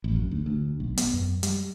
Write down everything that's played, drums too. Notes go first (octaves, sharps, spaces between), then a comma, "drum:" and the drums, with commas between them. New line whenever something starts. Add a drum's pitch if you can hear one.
A1
F#2
D2
D2
B1
B3, drum: hi-hat
F#2
G3, drum: hi-hat